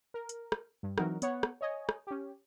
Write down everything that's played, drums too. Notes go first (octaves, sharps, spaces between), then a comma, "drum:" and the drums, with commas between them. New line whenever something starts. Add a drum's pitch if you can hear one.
A#4
drum: hi-hat
drum: rim click
G2
E3 F#3 C4 D#4 F#4 A#4, drum: rim click
B3 C#5 F#5, drum: hi-hat
drum: rim click
C#5 D#5 G#5
drum: rim click
C#4 G4